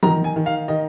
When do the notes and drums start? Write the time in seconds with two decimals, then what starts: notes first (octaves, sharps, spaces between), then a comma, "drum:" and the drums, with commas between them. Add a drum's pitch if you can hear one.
0.03 D#3 A#5, drum: tom E3
0.24 G#5
0.36 D#3
0.46 F5
0.68 D#3 D#5